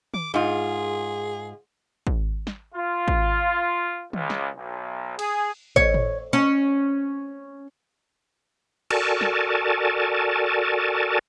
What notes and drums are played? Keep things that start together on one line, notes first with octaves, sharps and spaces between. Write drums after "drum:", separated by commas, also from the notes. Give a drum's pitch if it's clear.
D6, drum: tom D#3
G#2 F4 G#4
drum: kick
drum: snare
F4
drum: kick
C#2, drum: tom D#3
drum: snare
B1
G#4, drum: cymbal
C#5, drum: kick
drum: tom A2
C#4
F#4 A4 A#4 D5 G#5 A5, drum: cymbal
drum: snare